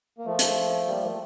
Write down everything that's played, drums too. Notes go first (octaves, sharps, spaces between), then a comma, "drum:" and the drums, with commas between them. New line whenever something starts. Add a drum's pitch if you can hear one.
A#3
F3 A3
drum: hi-hat
G3 A#3
F3 A3